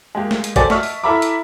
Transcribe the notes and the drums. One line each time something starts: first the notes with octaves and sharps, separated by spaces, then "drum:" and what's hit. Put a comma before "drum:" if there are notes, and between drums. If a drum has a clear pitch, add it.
G#3 A#3 G4
drum: snare
drum: hi-hat
F#4 G4 A4 C5 D5 G#5, drum: kick, hi-hat
D#5 E5 A5 C#6 F6, drum: snare
drum: open hi-hat
E4 A4 E5 A#5 B5 D6
drum: hi-hat